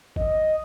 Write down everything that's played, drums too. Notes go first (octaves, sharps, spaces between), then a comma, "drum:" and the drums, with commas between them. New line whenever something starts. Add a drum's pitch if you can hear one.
D#5, drum: kick